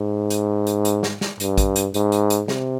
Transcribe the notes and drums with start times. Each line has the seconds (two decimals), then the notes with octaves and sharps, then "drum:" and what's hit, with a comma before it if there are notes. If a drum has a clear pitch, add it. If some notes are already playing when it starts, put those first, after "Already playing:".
Already playing: G#2
0.30 drum: hi-hat
0.67 drum: hi-hat
0.85 drum: hi-hat
1.03 drum: snare
1.21 drum: snare
1.40 G2, drum: hi-hat
1.58 drum: kick A1, hi-hat
1.76 drum: hi-hat
1.94 G#2, drum: hi-hat
2.12 drum: hi-hat
2.30 drum: hi-hat
2.48 C3, drum: snare